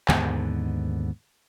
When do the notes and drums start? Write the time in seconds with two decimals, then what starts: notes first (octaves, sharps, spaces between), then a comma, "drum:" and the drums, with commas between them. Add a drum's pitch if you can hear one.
0.08 D#2 G#2 D3 B3, drum: clap